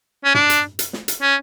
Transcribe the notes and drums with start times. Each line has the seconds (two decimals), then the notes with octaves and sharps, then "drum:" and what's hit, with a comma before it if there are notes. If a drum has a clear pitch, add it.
0.24 C#4
0.34 D4, drum: tom
0.50 drum: hi-hat
0.79 drum: hi-hat
0.93 drum: snare
1.08 drum: hi-hat
1.22 C#4